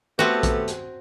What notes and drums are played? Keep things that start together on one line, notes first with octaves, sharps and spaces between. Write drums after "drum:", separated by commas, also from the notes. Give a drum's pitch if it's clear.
A3 B3 C4 F#4 G4 A4
drum: kick A#1, hi-hat
drum: hi-hat